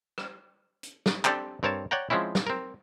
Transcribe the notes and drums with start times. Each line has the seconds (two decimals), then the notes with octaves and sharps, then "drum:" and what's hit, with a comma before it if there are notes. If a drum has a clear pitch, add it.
0.18 drum: rim click
0.83 drum: hi-hat
1.06 drum: snare
1.25 C4 D4 G4 A4 D5, drum: clap
1.63 G2 C4 A#4 C#5 A5
1.91 C#5 D5 F#5 G5 A#5
2.10 F3 G#3 C4 C#4 E4
2.35 drum: snare
2.47 C4 A#4